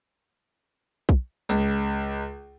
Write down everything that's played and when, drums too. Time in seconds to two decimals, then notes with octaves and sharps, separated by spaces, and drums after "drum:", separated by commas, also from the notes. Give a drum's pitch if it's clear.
1.09 drum: kick B1
1.49 C#2, drum: tambourine